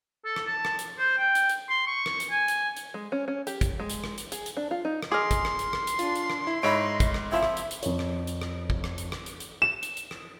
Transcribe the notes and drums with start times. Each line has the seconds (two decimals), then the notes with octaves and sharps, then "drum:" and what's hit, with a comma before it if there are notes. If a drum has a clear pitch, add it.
0.25 A4
0.36 drum: rim click
0.47 A5
0.65 drum: rim click
0.79 drum: hi-hat
0.98 C5
1.18 G5
1.35 drum: hi-hat
1.49 drum: hi-hat
1.70 C6
1.87 C#6
2.06 drum: rim click
2.20 drum: hi-hat
2.31 G#5
2.48 drum: hi-hat
2.77 drum: hi-hat
2.94 G#3
3.12 C#4
3.28 C#4
3.47 G4, drum: hi-hat
3.61 drum: kick, hi-hat
3.80 G#3
3.90 drum: hi-hat
4.04 drum: rim click
4.18 drum: hi-hat
4.32 G#4, drum: hi-hat
4.46 drum: hi-hat
4.57 D4
4.71 F4
4.85 D#4
5.03 drum: rim click
5.12 G#4 D#5 C6 D6 F6
5.31 drum: kick, hi-hat
5.45 drum: rim click
5.59 drum: hi-hat
5.73 drum: rim click
5.87 drum: hi-hat
5.99 D4 F4, drum: hi-hat
6.16 drum: hi-hat
6.30 drum: rim click
6.47 E4
6.63 G#2 D#4 C#5 D#5 E5 B5 D7
7.00 drum: kick, hi-hat
7.14 drum: rim click
7.32 F3 C4 E4 E5
7.43 drum: rim click
7.57 drum: hi-hat
7.71 drum: hi-hat
7.83 F2 C#5, drum: hi-hat
7.99 drum: rim click
8.27 drum: hi-hat
8.41 drum: rim click
8.70 drum: kick
8.84 drum: rim click
8.98 drum: hi-hat
9.12 drum: rim click
9.26 drum: hi-hat
9.40 drum: hi-hat
9.62 E7
9.83 drum: hi-hat
9.97 drum: hi-hat
10.11 drum: rim click